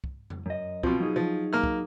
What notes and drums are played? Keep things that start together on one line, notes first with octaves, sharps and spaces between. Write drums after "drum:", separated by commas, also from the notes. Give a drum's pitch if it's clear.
drum: kick
drum: tom F2
F#2 D#5
B2 F3 F#3 C4, drum: kick
F#3 D#4 G#4
F3
A#3 F6
drum: kick